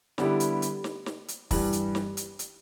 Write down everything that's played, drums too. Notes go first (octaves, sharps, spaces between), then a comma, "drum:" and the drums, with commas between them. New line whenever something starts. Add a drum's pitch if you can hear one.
D3 G3 B3 E4 G4, drum: snare
drum: hi-hat
drum: hi-hat
drum: snare
drum: snare
drum: hi-hat
G2 E3 G3, drum: kick, open hi-hat
drum: hi-hat
drum: snare
drum: hi-hat
drum: hi-hat